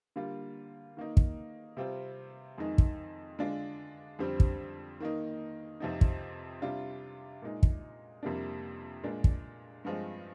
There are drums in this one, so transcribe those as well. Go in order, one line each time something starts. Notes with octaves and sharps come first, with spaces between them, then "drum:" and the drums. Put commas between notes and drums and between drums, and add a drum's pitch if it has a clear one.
D3 G3 A#3 F4
D#3 A#3 D#4
drum: kick
C3 G3 C4 F4
F2 D#3 G#3 D#4
drum: kick
D3 G#3 D4 F4
F2 D3 G3 C4
drum: kick
D#3 A#3 D#4
F2 C3 F3 C4 D#4
drum: kick
C3 G3 D4 F4
A#2 G#3 D#4
drum: kick
F2 C3 G3 A#3 D4
A#2 G#3 D4
drum: kick
G2 F3 G#3 C4